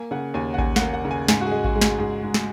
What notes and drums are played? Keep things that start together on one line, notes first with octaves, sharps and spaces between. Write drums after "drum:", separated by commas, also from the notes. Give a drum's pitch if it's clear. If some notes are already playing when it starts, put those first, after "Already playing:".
Already playing: A#3 G#5
C#3 F#5
D#2 G#5
F#5
D#2 G#5, drum: kick A1
A#3 F#5, drum: snare
F#5
C#3
G#5
G#2 G#5, drum: snare
F#4
G#3 G#4
F#4, drum: kick A1
G#3
G#4, drum: snare
G#2 G#4
G#2
drum: snare